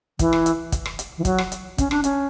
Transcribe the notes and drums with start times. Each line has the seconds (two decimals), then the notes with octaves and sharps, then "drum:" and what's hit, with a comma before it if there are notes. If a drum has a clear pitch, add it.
0.19 E3, drum: kick, hi-hat
0.33 drum: rim click
0.46 drum: hi-hat
0.72 drum: kick, hi-hat
0.86 drum: rim click
0.99 drum: hi-hat
1.18 E3
1.25 F#3, drum: kick, hi-hat
1.38 drum: rim click
1.52 drum: hi-hat
1.78 C#4, drum: kick, hi-hat
1.91 D4, drum: rim click
2.04 C#4, drum: hi-hat